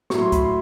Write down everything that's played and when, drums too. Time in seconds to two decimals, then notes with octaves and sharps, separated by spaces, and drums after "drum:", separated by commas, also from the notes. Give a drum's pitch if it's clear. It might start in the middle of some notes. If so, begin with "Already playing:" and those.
0.10 A2 F#3 C#6, drum: snare
0.21 C6
0.32 B5, drum: kick C#2, hi-hat
0.44 C6